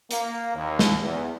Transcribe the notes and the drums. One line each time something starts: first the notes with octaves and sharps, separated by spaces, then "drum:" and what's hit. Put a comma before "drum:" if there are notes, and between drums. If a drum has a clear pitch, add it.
A#3, drum: hi-hat
D#2
drum: snare
E2